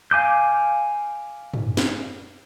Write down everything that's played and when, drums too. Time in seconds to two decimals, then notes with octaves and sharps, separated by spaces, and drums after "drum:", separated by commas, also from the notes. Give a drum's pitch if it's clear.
0.11 F5 G#5 D6 G6
1.54 drum: tom
1.77 drum: snare